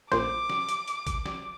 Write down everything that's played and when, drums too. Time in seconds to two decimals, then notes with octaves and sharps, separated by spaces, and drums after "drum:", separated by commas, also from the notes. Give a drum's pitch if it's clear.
0.12 A#1 C5 D6, drum: snare
0.50 drum: snare
0.69 drum: hi-hat
0.88 drum: hi-hat
1.07 drum: kick, hi-hat
1.26 drum: snare